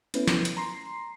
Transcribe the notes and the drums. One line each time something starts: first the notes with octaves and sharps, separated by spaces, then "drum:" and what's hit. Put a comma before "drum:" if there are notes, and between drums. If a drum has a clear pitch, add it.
A3 B3 C#4 E4 B4, drum: hi-hat
drum: snare
drum: hi-hat
A#5 C6 C7